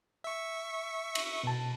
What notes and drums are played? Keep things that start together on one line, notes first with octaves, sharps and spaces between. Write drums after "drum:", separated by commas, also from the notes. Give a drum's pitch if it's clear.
E5 C#6
drum: cymbal
B2 A5